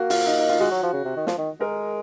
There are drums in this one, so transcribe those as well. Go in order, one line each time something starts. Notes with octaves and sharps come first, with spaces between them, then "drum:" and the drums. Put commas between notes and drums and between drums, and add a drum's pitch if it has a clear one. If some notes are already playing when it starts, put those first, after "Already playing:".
Already playing: A#3 F#4
F4, drum: open hi-hat
D#4
D#4
F4
G#3 F#4
F#3
F3
C#3
C3
D#3
F3, drum: snare
D#3
G#3 A#4